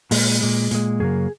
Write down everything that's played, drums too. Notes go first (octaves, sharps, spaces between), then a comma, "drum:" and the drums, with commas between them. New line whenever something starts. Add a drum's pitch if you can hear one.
A#2 G#3, drum: open hi-hat
A#2 G#3
A#2 G#3, drum: hi-hat
F#2 C#3 F#3 A#3 G#4